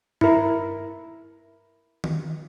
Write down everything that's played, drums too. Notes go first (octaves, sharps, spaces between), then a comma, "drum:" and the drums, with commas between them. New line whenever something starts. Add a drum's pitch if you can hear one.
E4 A#4, drum: tom G2
drum: tom D#3